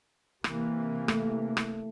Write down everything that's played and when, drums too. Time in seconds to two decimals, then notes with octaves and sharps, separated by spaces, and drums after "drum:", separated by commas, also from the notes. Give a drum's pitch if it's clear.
0.44 C3 E3 A#3, drum: rim click
1.08 A3, drum: rim click
1.57 drum: rim click